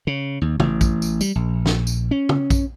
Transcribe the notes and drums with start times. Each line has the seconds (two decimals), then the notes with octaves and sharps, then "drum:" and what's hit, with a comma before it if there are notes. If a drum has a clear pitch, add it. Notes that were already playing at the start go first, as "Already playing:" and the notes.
0.07 C#3
0.42 D#2
0.60 A1, drum: tom
0.81 drum: kick A#1, tambourine
1.02 drum: tambourine
1.21 G3, drum: tambourine
1.35 A#1
1.66 drum: snare
1.87 drum: tambourine
2.11 C#4
2.29 drum: tom
2.50 drum: kick A#1, tambourine